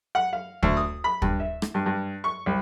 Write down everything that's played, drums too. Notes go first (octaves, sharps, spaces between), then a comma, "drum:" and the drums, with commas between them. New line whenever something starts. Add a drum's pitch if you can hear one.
F#5
F5
D2, drum: kick
D#6
B5
G2, drum: kick
E5
drum: rim click
G2
G2
C#6
C2